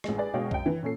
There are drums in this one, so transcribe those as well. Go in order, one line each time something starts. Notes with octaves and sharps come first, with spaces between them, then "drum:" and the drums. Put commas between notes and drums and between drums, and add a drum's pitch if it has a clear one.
A1 G#3, drum: rim click
G#4 B4 D5
B2 G#3 C#5 D#5 F5 G5
F#2 G5, drum: kick
E3
A#2 C#4 A4 C7